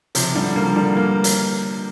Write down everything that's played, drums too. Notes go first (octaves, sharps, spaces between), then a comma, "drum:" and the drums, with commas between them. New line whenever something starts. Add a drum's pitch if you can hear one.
C3 F3, drum: hi-hat
D3 G3
F3 A#3
D3 G3
A#3
drum: hi-hat